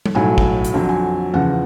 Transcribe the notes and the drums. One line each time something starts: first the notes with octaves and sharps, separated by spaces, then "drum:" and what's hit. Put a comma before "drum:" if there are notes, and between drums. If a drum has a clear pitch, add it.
drum: tom G3
B1 A2 F#3 A3 G#5
drum: kick
drum: hi-hat
F2 D3 F#3
G#5
E2 C#3 F3 F#5